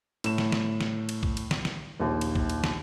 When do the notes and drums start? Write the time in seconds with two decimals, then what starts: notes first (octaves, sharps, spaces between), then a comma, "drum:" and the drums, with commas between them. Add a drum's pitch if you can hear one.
0.24 A2 E7, drum: cymbal
0.38 drum: snare
0.52 drum: snare
0.81 drum: snare
1.09 drum: cymbal
1.23 drum: kick A#1
1.37 drum: cymbal
1.51 drum: snare
1.65 drum: snare
2.00 A#1 D#2
2.21 drum: cymbal
2.35 drum: kick A#1
2.50 drum: cymbal
2.64 drum: snare